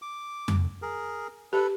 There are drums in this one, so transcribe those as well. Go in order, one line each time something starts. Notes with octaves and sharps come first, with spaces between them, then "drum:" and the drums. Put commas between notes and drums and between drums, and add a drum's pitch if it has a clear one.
D6
drum: tom F2
G#4 A#4
G4 A4 B4